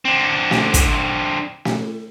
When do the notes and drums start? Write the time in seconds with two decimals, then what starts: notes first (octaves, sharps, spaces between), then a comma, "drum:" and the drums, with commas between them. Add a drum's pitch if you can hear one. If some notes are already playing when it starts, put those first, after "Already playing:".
0.05 D3 C4
0.51 drum: snare
0.74 drum: kick, hi-hat
1.65 drum: snare